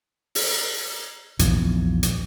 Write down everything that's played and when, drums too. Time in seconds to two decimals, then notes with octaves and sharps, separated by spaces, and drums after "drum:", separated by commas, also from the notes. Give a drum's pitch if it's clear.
0.35 drum: open hi-hat
1.39 A#1 E2 G#2 F3, drum: hi-hat
2.03 drum: hi-hat